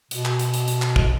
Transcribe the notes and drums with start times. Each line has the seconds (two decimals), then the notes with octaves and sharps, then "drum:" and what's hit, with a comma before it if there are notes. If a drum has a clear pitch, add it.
0.11 B2, drum: hi-hat
0.25 drum: clap
0.39 drum: hi-hat
0.54 drum: hi-hat
0.68 drum: hi-hat
0.82 drum: clap
0.96 drum: kick